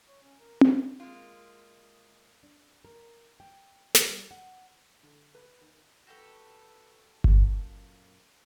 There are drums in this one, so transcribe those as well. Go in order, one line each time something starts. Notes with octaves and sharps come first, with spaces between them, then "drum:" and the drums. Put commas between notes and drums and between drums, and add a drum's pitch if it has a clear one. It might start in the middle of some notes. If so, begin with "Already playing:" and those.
C#5
C#4
A#4
C5, drum: tom C4
G#3 A#3 F4
D4
A#4
G5
drum: snare
G3
F#5
D3
B4
D#2
F#4 G4 A4 B4
F#2 A#2 A#3, drum: kick G1